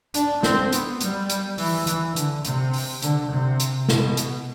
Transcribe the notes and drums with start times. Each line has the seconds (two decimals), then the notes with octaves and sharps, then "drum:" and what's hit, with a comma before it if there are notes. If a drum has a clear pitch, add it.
0.14 D4, drum: hi-hat
0.43 C4, drum: snare
0.72 B3, drum: hi-hat
1.01 G3, drum: hi-hat
1.30 drum: hi-hat
1.58 E3, drum: open hi-hat
1.87 E3, drum: hi-hat
2.16 D3, drum: hi-hat
2.45 C3, drum: hi-hat
2.73 drum: open hi-hat
3.02 D3, drum: hi-hat
3.31 C3
3.60 drum: hi-hat
3.89 B2, drum: snare
4.17 drum: hi-hat